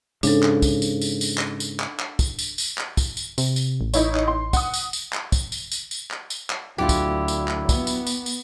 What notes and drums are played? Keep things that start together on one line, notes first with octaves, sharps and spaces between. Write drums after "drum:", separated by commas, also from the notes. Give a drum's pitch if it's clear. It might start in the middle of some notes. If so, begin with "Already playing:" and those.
G#2 C#3 D4 A4, drum: tambourine
drum: clap
drum: kick, tambourine
drum: tambourine
drum: tambourine
drum: tambourine
A#6, drum: clap
drum: tambourine
drum: clap
drum: clap
drum: kick, tambourine
drum: tambourine
drum: tambourine
drum: clap
drum: kick, tambourine
drum: tambourine
C3, drum: tambourine
drum: tambourine
A1
D#4 E4 C#5, drum: tambourine
drum: clap
C6
F#5 D#6, drum: kick, tambourine
drum: tambourine
drum: tambourine
drum: clap
drum: kick, tambourine
drum: tambourine
drum: tambourine
drum: tambourine
drum: clap
drum: tambourine
drum: clap
D2 F#3 D4 E4 F4 G4
drum: kick, tambourine
drum: tambourine
drum: clap
B3, drum: kick, tambourine
drum: tambourine
drum: tambourine
drum: tambourine